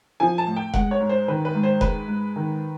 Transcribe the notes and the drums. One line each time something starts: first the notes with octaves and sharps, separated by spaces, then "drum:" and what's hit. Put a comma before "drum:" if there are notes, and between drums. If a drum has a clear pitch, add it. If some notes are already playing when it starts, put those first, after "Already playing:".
F3 G#5
A5
A2
G5
G#3 F#5, drum: kick F1
C#5
G#2
C5
D#3 B4
B4
G#2
C5
G#3 B4, drum: kick F1
G#2
D#3